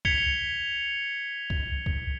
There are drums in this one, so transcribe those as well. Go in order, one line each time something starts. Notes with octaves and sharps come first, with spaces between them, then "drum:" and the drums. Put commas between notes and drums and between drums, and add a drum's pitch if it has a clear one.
G#6 B6 C#7 F7 G7, drum: kick C2
drum: kick C2
drum: kick C2